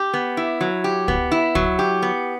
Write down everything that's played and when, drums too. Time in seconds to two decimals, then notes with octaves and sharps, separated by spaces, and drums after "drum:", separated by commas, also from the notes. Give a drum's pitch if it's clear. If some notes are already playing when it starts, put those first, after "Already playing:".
Already playing: G4
0.14 B3
0.37 E4
0.61 F#3
0.84 G4
1.08 B3, drum: kick
1.31 E4
1.55 F#3, drum: kick
1.79 G4
2.02 B3